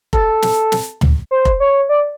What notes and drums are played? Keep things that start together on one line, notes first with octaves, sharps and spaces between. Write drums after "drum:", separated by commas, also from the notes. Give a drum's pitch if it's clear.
A4, drum: kick F1
drum: snare
drum: snare
drum: tom
C5
drum: kick F1
C#5
D5